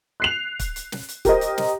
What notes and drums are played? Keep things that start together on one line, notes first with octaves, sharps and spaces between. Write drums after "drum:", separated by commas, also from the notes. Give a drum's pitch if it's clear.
F#6 C7 F7
drum: kick, hi-hat
drum: hi-hat
drum: snare
drum: hi-hat
G4 A#4 C5 D#5, drum: kick, hi-hat
drum: hi-hat
drum: snare